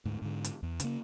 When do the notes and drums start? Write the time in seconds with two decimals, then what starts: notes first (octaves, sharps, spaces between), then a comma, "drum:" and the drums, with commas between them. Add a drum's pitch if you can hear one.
0.05 D2 G#2
0.22 G#2 D3
0.44 drum: hi-hat
0.63 E2
0.80 C#3 A#3, drum: hi-hat